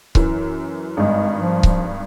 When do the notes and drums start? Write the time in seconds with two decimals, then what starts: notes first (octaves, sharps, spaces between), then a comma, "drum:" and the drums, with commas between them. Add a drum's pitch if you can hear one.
0.15 F#2 E3, drum: kick C#1
0.97 G#1 G2 G#3
1.39 F3
1.63 drum: kick C#1